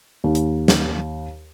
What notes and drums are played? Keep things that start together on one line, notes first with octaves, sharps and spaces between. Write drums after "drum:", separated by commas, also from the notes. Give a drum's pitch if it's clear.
D#2
drum: hi-hat
drum: snare